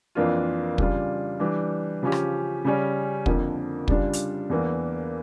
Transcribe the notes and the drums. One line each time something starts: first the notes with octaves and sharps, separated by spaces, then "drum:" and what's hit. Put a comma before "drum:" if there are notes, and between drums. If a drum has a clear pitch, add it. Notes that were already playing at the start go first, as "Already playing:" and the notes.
F2 E3 A#3 D4 F4
C#3 G3 D4 F4, drum: kick
E3 G3 D4 G4
C#3 F3 C#4 G4
drum: rim click
C#3 G3 C#4
F2 D3 F3 A#3, drum: kick
C#3 G3 D4 F4, drum: kick
drum: hi-hat
E2 E3 A#3 D4